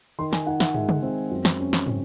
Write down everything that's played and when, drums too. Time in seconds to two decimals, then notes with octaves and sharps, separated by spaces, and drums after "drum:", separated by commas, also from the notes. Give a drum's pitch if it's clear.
0.19 D#3 C6
0.33 G#5, drum: snare
0.47 D#4 F#5
0.60 F#5, drum: snare
0.75 G#3 E5, drum: tom
0.89 drum: tom
1.03 C4
1.31 F#2
1.45 drum: snare
1.59 C#4
1.73 drum: snare
1.86 C#3, drum: tom